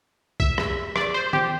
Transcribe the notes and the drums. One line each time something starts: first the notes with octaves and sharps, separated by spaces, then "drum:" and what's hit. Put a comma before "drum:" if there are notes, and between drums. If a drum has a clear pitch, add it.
E5, drum: kick
drum: rim click
D5, drum: rim click
C5
G4, drum: tom